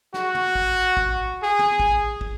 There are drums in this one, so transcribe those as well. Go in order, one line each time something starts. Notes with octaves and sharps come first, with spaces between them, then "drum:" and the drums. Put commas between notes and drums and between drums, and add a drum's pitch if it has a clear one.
F#4, drum: snare
drum: tom
drum: kick
drum: kick
G#4
drum: tom
drum: kick
drum: kick